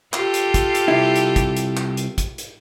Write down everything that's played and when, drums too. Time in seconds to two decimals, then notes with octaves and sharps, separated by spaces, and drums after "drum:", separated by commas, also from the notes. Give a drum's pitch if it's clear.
0.13 F4 G4 A4, drum: clap
0.34 drum: hi-hat
0.54 drum: kick, hi-hat
0.75 drum: hi-hat
0.88 C2 E4
1.16 drum: hi-hat
1.36 drum: kick, hi-hat
1.57 drum: hi-hat
1.77 drum: clap
1.97 drum: hi-hat
2.18 drum: kick, hi-hat
2.38 drum: hi-hat